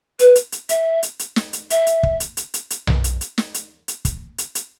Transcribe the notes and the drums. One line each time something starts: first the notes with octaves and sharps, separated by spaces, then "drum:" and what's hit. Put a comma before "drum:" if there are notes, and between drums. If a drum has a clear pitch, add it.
B4, drum: hi-hat
drum: hi-hat
drum: hi-hat
E5, drum: hi-hat
drum: hi-hat
drum: hi-hat
drum: snare
drum: hi-hat
E5, drum: hi-hat
drum: hi-hat
drum: kick
drum: hi-hat
drum: hi-hat
drum: hi-hat
drum: hi-hat
drum: tom B1
drum: hi-hat
drum: hi-hat
drum: snare
drum: hi-hat
drum: hi-hat
drum: kick, hi-hat
drum: hi-hat
drum: hi-hat